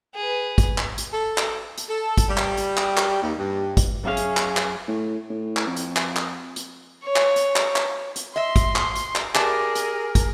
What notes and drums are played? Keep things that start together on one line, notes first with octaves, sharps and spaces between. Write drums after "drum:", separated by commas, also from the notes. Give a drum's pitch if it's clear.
G#4 B4
drum: kick, hi-hat
drum: clap
drum: hi-hat
A4
drum: clap
drum: hi-hat
A4
drum: kick, hi-hat
G3
drum: clap
drum: hi-hat
drum: clap
drum: clap
D#2
G2
drum: kick, hi-hat
F#2 C#4 G#4 E5 F5
drum: hi-hat
drum: clap
drum: clap
A2
A2
drum: clap
F2
drum: hi-hat
drum: clap
drum: clap
drum: hi-hat
C#5
drum: clap
drum: hi-hat
drum: clap
drum: clap
drum: hi-hat
D#5 E5 C6
drum: kick, hi-hat
drum: clap
drum: hi-hat
drum: clap
G4 G#4 A#4 D5 A5, drum: clap
drum: hi-hat
drum: kick, hi-hat